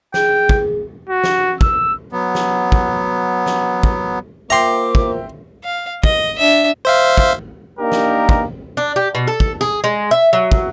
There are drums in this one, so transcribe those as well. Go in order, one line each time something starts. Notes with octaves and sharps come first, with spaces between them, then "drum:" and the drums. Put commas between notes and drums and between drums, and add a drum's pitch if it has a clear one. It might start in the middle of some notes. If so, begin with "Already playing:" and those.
G#4 G5, drum: snare
drum: kick
F#4
drum: snare
E6, drum: kick
F#3 B3
drum: snare
drum: kick
drum: snare
drum: kick
A#3 F4 C5 E5 G5 A#5 C6 D6
drum: kick
F5
D#5, drum: kick
D4 E5
C5 E5 F5
drum: kick
A#3 D4 D#4 G4 A#4
drum: snare
drum: kick
D4
G4
B2
A4
drum: kick
G#4
G#3
E5
F#3
drum: kick